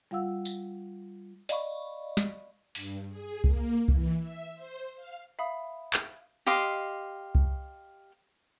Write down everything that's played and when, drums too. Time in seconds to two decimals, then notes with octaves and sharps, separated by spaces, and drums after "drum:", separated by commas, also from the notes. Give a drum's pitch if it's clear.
0.11 G3 F4 F5 F#5 E6
0.45 drum: tambourine
1.49 D5 D#5 F5 B5 C#6, drum: hi-hat
2.17 drum: snare
2.75 G2, drum: open hi-hat
3.09 G#4
3.44 A#3, drum: kick C2
3.88 E3, drum: kick C2
4.19 E5
4.55 C5
4.96 F5
5.39 E5 F5 B5 D#6
5.93 drum: clap
6.47 G4 D#5 F5 C6
7.35 drum: kick C2